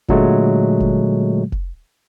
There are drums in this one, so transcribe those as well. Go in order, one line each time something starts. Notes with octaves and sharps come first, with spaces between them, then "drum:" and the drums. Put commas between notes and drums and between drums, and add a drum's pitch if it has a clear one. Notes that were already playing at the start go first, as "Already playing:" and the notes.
A#2 D3 F#3 G#3 A3, drum: kick F1
drum: kick F1
drum: kick F1